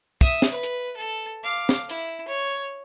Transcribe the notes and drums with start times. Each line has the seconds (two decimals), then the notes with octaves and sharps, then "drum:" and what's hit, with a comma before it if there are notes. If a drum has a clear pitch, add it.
0.21 E5 D#6, drum: kick, hi-hat
0.42 drum: snare
0.51 B4
0.63 drum: hi-hat
0.97 A4
1.44 F5 D6
1.69 drum: snare
1.90 E4, drum: hi-hat
2.28 C#5